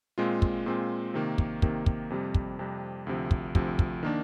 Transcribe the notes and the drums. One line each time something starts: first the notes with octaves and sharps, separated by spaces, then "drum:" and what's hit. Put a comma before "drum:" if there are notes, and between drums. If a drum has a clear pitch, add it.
A#2 G#3 C4 F4
drum: kick
A#2 G#3 C4 F4
C3 D#3 A#3
drum: kick
C3 D#3 A#3, drum: kick
drum: kick
F2 C3 G3
drum: kick
F2 C3 G3
D2 C3 F3
drum: kick
D2 C3 F3, drum: kick
drum: kick
D#3 A#3 D4